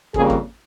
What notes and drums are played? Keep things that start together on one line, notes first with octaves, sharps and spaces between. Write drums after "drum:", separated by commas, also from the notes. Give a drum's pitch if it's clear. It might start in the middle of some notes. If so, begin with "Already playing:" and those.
F2 C#3 G3 A#3 G#4, drum: kick
drum: kick